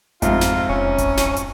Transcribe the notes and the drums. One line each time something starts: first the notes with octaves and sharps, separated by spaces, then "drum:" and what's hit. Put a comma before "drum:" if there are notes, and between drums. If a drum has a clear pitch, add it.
F2 G#2 C3 F4, drum: kick G#1, hi-hat
drum: snare
E1 C#4
drum: kick G#1, hi-hat
drum: snare
drum: hi-hat